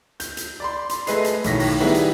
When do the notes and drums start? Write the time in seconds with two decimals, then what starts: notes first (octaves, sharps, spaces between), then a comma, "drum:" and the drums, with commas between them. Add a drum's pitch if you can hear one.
0.20 G6, drum: hi-hat
0.37 drum: hi-hat
0.60 D5 B5 C6
0.89 drum: hi-hat
1.07 A3 G#4 B4 D#5 C7, drum: hi-hat
1.24 drum: hi-hat
1.44 B1 A2 D#3 A#6 B6, drum: hi-hat
1.59 drum: open hi-hat
1.80 D#3 G3 B3 E4 G#4 B4
1.94 drum: hi-hat